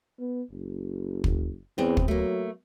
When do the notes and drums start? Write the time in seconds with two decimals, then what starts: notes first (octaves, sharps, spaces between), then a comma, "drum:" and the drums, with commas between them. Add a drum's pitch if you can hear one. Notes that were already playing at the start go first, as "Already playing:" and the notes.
0.20 B3
0.51 F#1
1.24 drum: kick
1.78 E2 B3 C4
1.97 drum: kick
2.08 F#3 A3 A#3